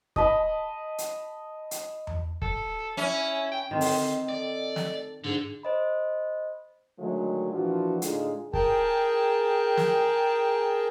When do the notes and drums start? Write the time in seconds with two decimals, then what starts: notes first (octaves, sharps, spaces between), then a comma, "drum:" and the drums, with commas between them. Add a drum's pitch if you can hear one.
0.16 D#5 A5 B5, drum: kick
0.98 drum: hi-hat
1.71 drum: hi-hat
2.07 drum: tom E2
2.42 A4, drum: kick
2.97 C#4 E4
3.51 G5
3.71 D3 D#3 C4 D#5
3.81 drum: open hi-hat
4.29 A4 D5
4.76 drum: snare
5.24 G#2 D3 D4 G#4
5.63 C5 D#5 B5
6.99 D3 D#3 F#3 G#3 A3
7.52 A#2 E3 F3 D4 F4 F#4
8.02 A2 D3 G#3 D#4 F4 G#4, drum: hi-hat
8.54 G#4 A#4 G5 A5, drum: kick
9.77 drum: snare